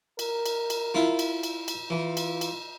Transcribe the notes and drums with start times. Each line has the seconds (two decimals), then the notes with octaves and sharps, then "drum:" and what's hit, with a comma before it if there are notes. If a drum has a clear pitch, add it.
0.19 A#4, drum: cymbal
0.46 drum: cymbal
0.70 drum: cymbal
0.94 E4 F4, drum: snare
1.19 drum: cymbal
1.43 drum: cymbal
1.68 drum: cymbal
1.90 E3 F4
2.17 drum: cymbal
2.41 drum: cymbal